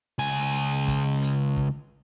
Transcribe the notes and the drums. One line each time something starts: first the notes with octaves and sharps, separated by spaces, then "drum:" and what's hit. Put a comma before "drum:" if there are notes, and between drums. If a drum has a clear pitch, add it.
C#2 G#5, drum: hi-hat
drum: hi-hat
drum: kick, hi-hat
drum: hi-hat
drum: kick